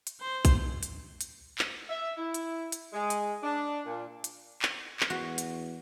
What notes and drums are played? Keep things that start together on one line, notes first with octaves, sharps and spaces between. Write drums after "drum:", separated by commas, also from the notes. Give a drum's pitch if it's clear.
drum: hi-hat
C5
drum: kick, hi-hat
drum: hi-hat
drum: hi-hat
drum: clap
E5
E4
drum: hi-hat
drum: hi-hat
G#3
drum: hi-hat
D4
A#2
drum: hi-hat
drum: clap
drum: clap
E2 F#4
drum: hi-hat